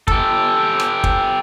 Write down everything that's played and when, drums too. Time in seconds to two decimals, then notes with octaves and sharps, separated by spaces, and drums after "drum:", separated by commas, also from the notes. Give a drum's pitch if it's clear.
0.08 G4 A4, drum: kick
0.80 drum: rim click
1.04 drum: kick